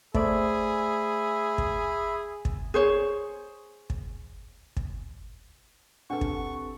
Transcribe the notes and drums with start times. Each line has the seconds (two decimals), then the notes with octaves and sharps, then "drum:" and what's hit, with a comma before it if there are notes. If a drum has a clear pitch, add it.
0.15 A3 G#4 C5 D5 E5 B5, drum: kick
1.58 drum: kick
2.45 drum: kick
2.74 G#4 C5 C#5
3.90 drum: kick
4.77 drum: kick
6.10 C3 D4 A4 B4 F#5 C#6
6.21 drum: kick